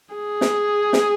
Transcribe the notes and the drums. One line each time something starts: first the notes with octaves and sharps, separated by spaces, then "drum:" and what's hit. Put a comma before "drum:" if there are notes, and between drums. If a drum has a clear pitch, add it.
G#4
drum: snare
drum: snare